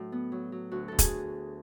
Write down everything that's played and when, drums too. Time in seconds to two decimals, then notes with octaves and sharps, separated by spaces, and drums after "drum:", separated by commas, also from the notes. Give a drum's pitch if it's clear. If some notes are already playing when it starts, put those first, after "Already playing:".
Already playing: A2 F#3 D4 F#4
0.12 B3
0.32 F#3
0.52 F#3
0.71 D2 F#4
0.88 D2 A4
0.99 G#4, drum: kick, hi-hat